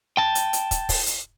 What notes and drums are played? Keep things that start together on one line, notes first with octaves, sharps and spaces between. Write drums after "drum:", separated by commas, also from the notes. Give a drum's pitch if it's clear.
G5 A5
drum: hi-hat
drum: hi-hat
drum: kick, hi-hat
drum: kick, open hi-hat
drum: hi-hat